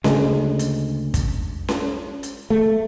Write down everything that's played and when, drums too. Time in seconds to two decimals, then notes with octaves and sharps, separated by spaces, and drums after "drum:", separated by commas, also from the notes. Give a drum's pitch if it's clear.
0.04 D2 C#3 G#3, drum: snare C#4
0.59 drum: hi-hat
1.14 drum: kick, hi-hat
1.68 drum: snare C#4
2.23 drum: hi-hat
2.50 A3